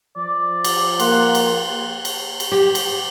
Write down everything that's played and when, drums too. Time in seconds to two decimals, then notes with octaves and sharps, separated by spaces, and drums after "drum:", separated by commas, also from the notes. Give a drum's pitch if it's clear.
0.17 F3 D5
0.64 drum: cymbal
1.00 A#3 F#5 C6, drum: cymbal
1.35 drum: cymbal
2.05 drum: cymbal
2.40 drum: cymbal
2.52 G4
2.75 drum: cymbal